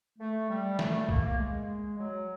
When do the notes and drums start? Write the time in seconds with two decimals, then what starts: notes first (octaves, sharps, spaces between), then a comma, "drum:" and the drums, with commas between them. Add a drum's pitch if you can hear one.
0.19 A3
0.49 G3
0.79 A3, drum: snare
0.94 A3
1.09 A#3, drum: kick
1.24 A#3
1.38 G#3
1.99 F#3